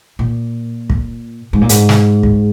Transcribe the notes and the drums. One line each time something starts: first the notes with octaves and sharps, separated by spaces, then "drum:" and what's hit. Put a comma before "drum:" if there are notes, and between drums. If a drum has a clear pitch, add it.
A#2
drum: kick
G#2
A#2
G#2, drum: hi-hat
drum: snare
drum: kick